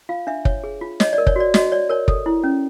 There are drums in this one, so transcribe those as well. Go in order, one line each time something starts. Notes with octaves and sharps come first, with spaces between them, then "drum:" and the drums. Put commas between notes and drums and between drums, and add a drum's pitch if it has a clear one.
F4 F5
D4 E5
C#5, drum: kick
G#4
F4
C#5 D#5, drum: snare
D5
A#4
C#5, drum: kick
F#4 D5
F#4 D#5, drum: snare
C#5 D5
A#4 C#5
A4, drum: kick
E4
C#4